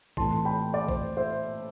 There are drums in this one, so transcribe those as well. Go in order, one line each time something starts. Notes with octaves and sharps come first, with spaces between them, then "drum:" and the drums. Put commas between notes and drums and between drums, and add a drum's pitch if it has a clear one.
A2 E3 A3 C4 A5 C6, drum: kick A1
G5 B5
D5
C5, drum: kick A1
C5 E5